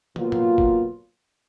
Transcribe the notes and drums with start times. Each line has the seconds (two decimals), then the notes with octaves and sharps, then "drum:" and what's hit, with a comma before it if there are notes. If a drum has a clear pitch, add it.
0.16 B2 F#3 A#3 F4, drum: tom
0.32 drum: tom
0.58 drum: kick